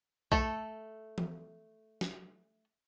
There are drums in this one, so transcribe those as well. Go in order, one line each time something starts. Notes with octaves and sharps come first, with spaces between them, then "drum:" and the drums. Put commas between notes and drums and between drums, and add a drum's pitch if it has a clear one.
A3 A4, drum: kick
drum: tom E3
drum: snare